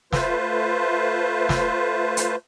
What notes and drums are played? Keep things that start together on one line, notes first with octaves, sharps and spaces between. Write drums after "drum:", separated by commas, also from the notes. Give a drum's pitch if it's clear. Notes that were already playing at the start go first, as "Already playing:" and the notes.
A3 F4 B4 C5, drum: snare
drum: snare
drum: hi-hat